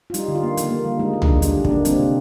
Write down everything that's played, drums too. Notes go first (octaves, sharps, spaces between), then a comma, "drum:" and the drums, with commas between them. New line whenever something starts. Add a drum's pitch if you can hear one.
F4
G3 D#4, drum: hi-hat
D3
F4
A#3
D#3, drum: hi-hat
A#3
G3
G#3 D#4
G#3
D4, drum: tom
D3
G3 D4, drum: hi-hat
D#3
D4, drum: kick
A#3
G3 C4, drum: hi-hat
C3